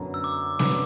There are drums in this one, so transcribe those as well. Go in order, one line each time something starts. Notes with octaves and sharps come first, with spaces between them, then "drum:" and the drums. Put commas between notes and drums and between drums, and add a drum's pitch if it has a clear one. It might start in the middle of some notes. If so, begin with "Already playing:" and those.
Already playing: F#2 D3 F#3 B3
E6
D6
F#2 D3 F#3 B3 D6, drum: snare